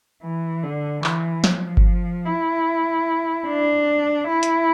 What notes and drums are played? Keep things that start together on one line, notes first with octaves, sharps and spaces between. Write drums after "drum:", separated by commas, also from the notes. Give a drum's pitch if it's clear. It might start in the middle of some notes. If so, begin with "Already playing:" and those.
E3
D3
E3, drum: clap
F3, drum: snare
drum: kick G1
E4
D4
E4
drum: hi-hat